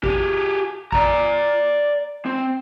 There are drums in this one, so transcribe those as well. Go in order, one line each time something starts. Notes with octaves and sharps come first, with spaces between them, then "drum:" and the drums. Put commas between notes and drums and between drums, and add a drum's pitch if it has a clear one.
G4 G#4, drum: kick
D5 A#5, drum: kick
C4